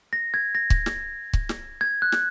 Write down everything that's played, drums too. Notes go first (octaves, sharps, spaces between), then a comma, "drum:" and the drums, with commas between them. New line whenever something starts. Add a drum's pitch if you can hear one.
A#6
G#6
A#6
drum: kick C#1
drum: snare
drum: kick C#1
drum: snare
G#6
F#6
drum: snare